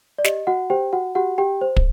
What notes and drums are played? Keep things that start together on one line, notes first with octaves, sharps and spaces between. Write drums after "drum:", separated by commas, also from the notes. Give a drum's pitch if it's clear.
D5
G4 D#5, drum: snare
F#4 F#5
G4 C5 G5
F#4 F#5
F#4 G4 F#5
G4 G5
C5
drum: kick